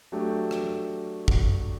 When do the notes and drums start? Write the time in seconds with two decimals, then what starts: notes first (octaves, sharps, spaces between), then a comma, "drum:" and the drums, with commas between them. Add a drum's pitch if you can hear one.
0.12 F#3 A3 D4 G4
0.51 drum: rim click
1.28 drum: kick